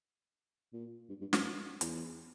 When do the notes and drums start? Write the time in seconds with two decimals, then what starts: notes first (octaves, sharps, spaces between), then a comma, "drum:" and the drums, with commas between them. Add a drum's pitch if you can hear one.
0.73 A#2
1.09 G2
1.21 G2
1.33 F#2, drum: snare
1.81 E2, drum: hi-hat